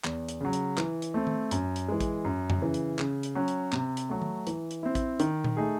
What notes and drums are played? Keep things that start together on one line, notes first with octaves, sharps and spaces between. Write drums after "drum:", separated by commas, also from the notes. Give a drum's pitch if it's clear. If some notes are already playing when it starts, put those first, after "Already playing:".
E2, drum: clap
drum: hi-hat
C#3 F#3
drum: hi-hat
E3, drum: clap
drum: hi-hat
A3 C4
drum: tom D#3
F#2, drum: hi-hat
drum: hi-hat
E3 G#3
drum: kick A1, hi-hat
F#2
drum: tom F2
C#3 E3
drum: hi-hat
C#3, drum: clap
drum: hi-hat
F#3 C#4
drum: hi-hat
C3, drum: clap
drum: hi-hat
F#3 A3
drum: tom D#3
E3, drum: hi-hat
drum: hi-hat
C4 E4
drum: kick A1, hi-hat
D#3, drum: hi-hat
drum: tom A#2
A3 D#4 G#4